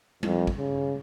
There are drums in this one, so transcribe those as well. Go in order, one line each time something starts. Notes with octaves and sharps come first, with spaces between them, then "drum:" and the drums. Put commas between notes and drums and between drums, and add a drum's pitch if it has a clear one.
F2, drum: tom G3
drum: kick
C#3